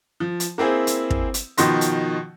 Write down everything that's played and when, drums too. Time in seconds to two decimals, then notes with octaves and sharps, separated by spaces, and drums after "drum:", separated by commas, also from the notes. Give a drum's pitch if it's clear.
0.20 F3
0.40 drum: hi-hat
0.58 A#3 C4 E4 G#4 C5
0.87 drum: hi-hat
1.10 drum: kick
1.34 drum: hi-hat
1.58 B2 D#3 F3 C6 A#6, drum: hi-hat
1.81 drum: hi-hat